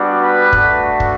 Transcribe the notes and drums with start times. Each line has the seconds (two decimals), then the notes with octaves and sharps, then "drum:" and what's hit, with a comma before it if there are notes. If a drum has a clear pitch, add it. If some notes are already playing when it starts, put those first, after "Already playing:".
Already playing: G3 B3 D4 F#4
0.21 B4
0.53 A3 D4 F#4, drum: kick
1.00 drum: kick